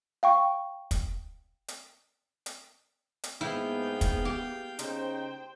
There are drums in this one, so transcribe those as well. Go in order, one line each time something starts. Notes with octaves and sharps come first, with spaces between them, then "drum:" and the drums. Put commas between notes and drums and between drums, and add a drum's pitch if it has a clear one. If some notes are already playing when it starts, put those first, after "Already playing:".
F5 G5 C#6
drum: kick, hi-hat
drum: hi-hat
drum: hi-hat
drum: hi-hat
G#2 A#3 B3 E4 G#4 F5 G5 G6
drum: kick, hi-hat
G4
C#3 D#4 C5 G5, drum: hi-hat